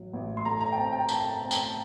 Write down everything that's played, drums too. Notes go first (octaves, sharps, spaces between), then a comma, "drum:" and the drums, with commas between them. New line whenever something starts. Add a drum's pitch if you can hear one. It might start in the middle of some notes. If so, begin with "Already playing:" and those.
Already playing: A1 F#3
A1
C6
A3 A#5
A#5
G5
C4 A5
G5
A3 A5, drum: tambourine
A5
C4
G5, drum: tambourine